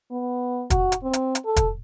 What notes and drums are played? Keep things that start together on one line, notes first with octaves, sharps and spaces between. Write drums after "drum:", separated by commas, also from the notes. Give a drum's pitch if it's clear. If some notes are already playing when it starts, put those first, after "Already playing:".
B3
F#4, drum: kick, hi-hat
drum: hi-hat
C4
drum: hi-hat
drum: hi-hat
A4
drum: kick, hi-hat